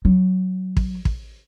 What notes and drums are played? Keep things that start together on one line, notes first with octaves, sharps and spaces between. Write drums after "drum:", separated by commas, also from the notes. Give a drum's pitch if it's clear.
F#3
drum: kick
drum: kick